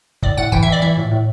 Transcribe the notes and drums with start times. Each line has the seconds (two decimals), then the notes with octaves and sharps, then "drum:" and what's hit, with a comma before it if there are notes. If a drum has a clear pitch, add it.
0.23 A2 D5, drum: kick
0.37 A2 F#5
0.52 E3 G5, drum: kick
0.63 E3 E5
0.72 D5
0.82 E3 E5
0.97 A2
1.11 A2